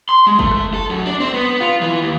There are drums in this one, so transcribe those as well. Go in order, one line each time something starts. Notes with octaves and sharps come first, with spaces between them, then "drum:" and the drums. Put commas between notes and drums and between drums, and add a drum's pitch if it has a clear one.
C6
G#3
A3, drum: kick
drum: rim click
A4
F#2
D4
C4
B3
F4
E3
D#2